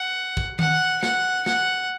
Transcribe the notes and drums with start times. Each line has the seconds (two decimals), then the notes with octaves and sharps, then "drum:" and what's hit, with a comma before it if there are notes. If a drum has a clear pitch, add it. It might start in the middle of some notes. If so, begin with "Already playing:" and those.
Already playing: F#5
0.37 drum: kick
0.59 F#5, drum: tom D#3
1.03 F#5, drum: snare
1.46 F#5, drum: snare